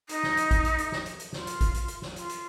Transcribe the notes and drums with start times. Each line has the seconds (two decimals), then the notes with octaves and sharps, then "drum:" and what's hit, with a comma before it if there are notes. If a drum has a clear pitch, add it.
0.09 D#4, drum: hi-hat
0.23 drum: snare
0.37 drum: hi-hat
0.51 drum: kick, hi-hat
0.65 drum: hi-hat
0.78 drum: hi-hat
0.92 drum: snare
1.06 drum: hi-hat
1.19 drum: hi-hat
1.33 F4, drum: snare
1.47 drum: hi-hat
1.61 drum: kick, hi-hat
1.74 drum: hi-hat
1.88 drum: hi-hat
2.02 drum: snare
2.16 F4, drum: hi-hat
2.29 drum: hi-hat